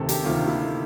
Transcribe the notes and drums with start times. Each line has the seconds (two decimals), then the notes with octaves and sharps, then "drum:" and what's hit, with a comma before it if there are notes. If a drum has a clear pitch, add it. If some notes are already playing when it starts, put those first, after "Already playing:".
Already playing: D2 C3 D#3 A4
0.09 G4, drum: hi-hat
0.24 D2 C3 D#3 F4
0.48 E4